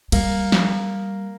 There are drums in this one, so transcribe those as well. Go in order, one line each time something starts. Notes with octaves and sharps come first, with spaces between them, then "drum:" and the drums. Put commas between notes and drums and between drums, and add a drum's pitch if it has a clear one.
G3 A#3, drum: cymbal
drum: snare